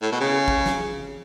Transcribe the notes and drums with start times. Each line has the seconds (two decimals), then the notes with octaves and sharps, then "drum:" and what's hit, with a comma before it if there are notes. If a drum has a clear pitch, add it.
0.02 A2
0.12 B2
0.20 C#3
0.48 drum: kick
0.66 drum: snare